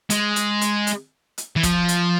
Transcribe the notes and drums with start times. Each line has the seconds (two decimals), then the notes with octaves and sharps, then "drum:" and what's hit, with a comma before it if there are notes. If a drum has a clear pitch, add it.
0.10 G#3, drum: hi-hat
0.36 drum: hi-hat
0.61 drum: hi-hat
0.87 drum: hi-hat
1.38 drum: hi-hat
1.56 E3
1.63 F3, drum: kick, hi-hat
1.88 drum: hi-hat